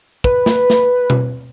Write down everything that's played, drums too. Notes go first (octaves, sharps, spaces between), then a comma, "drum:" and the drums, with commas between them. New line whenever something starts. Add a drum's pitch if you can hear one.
B4, drum: kick
drum: snare
drum: snare
drum: tom B2